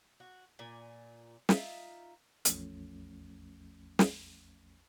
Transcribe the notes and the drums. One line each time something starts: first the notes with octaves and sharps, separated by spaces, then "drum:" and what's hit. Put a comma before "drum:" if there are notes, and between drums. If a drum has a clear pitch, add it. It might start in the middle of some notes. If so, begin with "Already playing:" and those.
F#4
A#2 G#5
D#4 F4 E5, drum: snare
A1 E2 F3 A3 C#4, drum: hi-hat
drum: snare